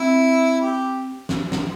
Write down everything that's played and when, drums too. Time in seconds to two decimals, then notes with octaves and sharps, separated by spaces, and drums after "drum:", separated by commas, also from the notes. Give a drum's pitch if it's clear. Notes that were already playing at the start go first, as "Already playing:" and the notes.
Already playing: C4 E4
0.61 G4
1.29 drum: snare
1.52 drum: snare